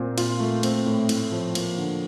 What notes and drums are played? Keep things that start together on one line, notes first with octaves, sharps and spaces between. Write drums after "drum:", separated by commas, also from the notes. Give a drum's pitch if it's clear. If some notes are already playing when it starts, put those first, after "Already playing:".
Already playing: A#2 C4
F4, drum: cymbal
A3
C4, drum: cymbal
A2
A2, drum: cymbal
F3
A#3, drum: cymbal
D3